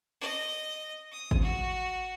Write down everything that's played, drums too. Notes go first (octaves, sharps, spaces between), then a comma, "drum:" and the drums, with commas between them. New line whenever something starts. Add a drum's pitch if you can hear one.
D#5
D#6
drum: kick G#1
F#4